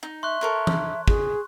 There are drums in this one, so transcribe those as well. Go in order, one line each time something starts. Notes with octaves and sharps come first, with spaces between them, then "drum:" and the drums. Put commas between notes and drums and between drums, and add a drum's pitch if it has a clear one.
D#4
E5 C6 C#6 F#6
A4 A#4 C#5
drum: tom E3
G#4, drum: kick